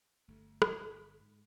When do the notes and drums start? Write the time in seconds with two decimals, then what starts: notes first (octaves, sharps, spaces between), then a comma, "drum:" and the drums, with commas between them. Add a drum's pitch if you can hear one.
0.28 G1 G2 A3
0.62 drum: rim click
0.88 B6
1.20 G#2